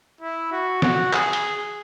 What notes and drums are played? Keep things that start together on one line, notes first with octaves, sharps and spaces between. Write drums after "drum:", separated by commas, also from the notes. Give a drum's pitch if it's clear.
E4
F#4
F#4, drum: snare
G#4, drum: clap
drum: hi-hat